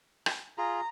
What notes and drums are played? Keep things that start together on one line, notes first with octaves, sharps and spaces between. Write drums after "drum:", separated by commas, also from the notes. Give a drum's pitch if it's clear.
drum: rim click
F4 G#4 A#5